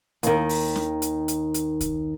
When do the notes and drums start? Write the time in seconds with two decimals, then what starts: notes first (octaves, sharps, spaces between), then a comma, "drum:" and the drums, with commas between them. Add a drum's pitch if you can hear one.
0.23 D#2 D#3, drum: hi-hat
0.49 drum: open hi-hat
0.76 drum: snare
1.02 drum: hi-hat
1.28 drum: hi-hat
1.54 drum: hi-hat
1.81 drum: kick, hi-hat